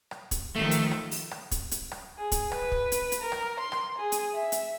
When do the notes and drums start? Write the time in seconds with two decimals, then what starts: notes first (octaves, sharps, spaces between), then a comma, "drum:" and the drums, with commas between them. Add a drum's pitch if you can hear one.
0.11 drum: rim click
0.31 drum: kick, hi-hat
0.56 D#3 F3 A3
0.71 drum: hi-hat
0.91 drum: rim click
1.11 drum: open hi-hat
1.31 drum: rim click
1.51 drum: kick, hi-hat
1.71 drum: hi-hat
1.91 drum: rim click
2.18 G#4
2.32 drum: kick, hi-hat
2.52 B4, drum: rim click
2.72 drum: kick
2.92 drum: hi-hat
3.12 drum: hi-hat
3.22 A#4
3.32 drum: rim click
3.60 C6
3.72 drum: rim click
3.98 G#4
4.12 drum: hi-hat
4.35 E5
4.52 drum: hi-hat